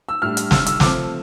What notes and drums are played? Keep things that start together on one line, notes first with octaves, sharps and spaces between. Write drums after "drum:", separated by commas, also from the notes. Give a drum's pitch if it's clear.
E6
A2 G3 D4 F6
drum: hi-hat
E6, drum: snare
F6
E6, drum: hi-hat
C3 F3 A3 C4 D6, drum: snare